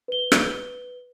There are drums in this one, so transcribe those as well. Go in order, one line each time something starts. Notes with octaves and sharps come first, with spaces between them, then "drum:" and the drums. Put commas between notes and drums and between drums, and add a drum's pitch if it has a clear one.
B4 G7
drum: rim click